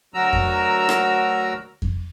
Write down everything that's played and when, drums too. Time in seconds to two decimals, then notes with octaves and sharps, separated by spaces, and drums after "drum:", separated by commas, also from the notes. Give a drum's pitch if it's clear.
0.14 D2 F#3 F#4 A#4 A#5 E6
0.33 drum: kick F2
0.89 drum: rim click
1.82 drum: kick F2